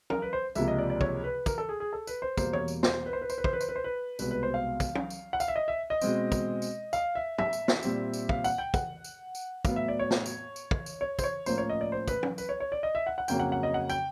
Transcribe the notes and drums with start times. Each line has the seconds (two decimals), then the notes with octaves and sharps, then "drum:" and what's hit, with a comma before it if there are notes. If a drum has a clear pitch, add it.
0.10 A#4, drum: tom
0.22 B4
0.33 C5
0.55 C#2 C3 F3 A#3 E5, drum: tambourine
0.68 D#5
0.78 D5
0.90 D5
1.01 C#5, drum: kick
1.24 B4
1.46 A#4, drum: kick, tambourine
1.58 A4
1.69 G#4
1.80 G#4
1.93 A4
2.07 B4, drum: tambourine
2.22 C5
2.37 E2 B2 G3 A#3 C5, drum: kick, tambourine
2.53 C#5, drum: tom E3
2.68 drum: tambourine
2.83 C5, drum: snare
3.06 B4
3.13 C5
3.21 B4
3.30 C5, drum: tambourine
3.38 B4
3.44 C5, drum: kick
3.53 B4
3.61 C5, drum: tambourine
3.69 B4
3.76 C5
3.84 B4
4.19 C2 B2 G#3 B3 B4, drum: tambourine
4.31 B4
4.43 C5
4.54 F5
4.80 drum: kick, tambourine
4.95 drum: tom
5.10 drum: tambourine
5.33 F#5
5.40 F5, drum: tambourine
5.48 E5
5.56 D#5
5.68 E5
5.90 D#5
6.01 B2 G#3 C4, drum: tambourine
6.32 drum: kick, tambourine
6.62 drum: tambourine
6.93 F5, drum: tambourine
7.15 E5
7.38 E5, drum: tom
7.53 drum: tambourine
7.68 drum: snare
7.83 A#2 G3 C4, drum: tambourine
8.14 drum: tambourine
8.29 F5, drum: kick
8.44 F#5, drum: tambourine
8.58 G5
8.74 F#5, drum: kick, tambourine
9.04 drum: tambourine
9.35 drum: tambourine
9.65 A2 F#3 B3 F5, drum: kick, tambourine
9.76 E5
9.88 D5
9.99 C#5
10.11 drum: snare
10.26 drum: tambourine
10.56 drum: tambourine
10.71 drum: kick
10.86 drum: tambourine
11.01 C#5
11.19 C5, drum: kick, tambourine
11.24 C#5
11.46 A2 F3 A#3 C#4 C5, drum: tambourine
11.58 C#5
11.69 D#5
11.81 D5
11.92 C5
12.08 B4, drum: kick, tambourine
12.23 drum: tom
12.38 B4, drum: tambourine
12.49 C#5
12.60 C#5
12.72 D5
12.83 D#5
12.95 E5
13.07 F#5
13.18 F#5
13.28 F2 C#3 F#3 A#3 C#4 G5, drum: tambourine
13.40 F#5
13.52 F#5
13.63 D#5
13.74 F#5
13.90 G5, drum: tambourine